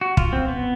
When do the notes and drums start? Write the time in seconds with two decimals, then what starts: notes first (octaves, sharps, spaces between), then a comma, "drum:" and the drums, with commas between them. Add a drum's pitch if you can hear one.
0.01 F#4
0.17 F4, drum: kick
0.33 C4
0.48 B3